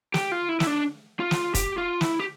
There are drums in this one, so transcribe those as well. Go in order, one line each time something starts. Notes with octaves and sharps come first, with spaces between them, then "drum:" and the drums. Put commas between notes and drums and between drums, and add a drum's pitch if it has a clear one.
G4, drum: snare
F4
E4
E4, drum: snare
D4
F4
drum: snare
G4, drum: kick, hi-hat
F4
E4, drum: snare
G4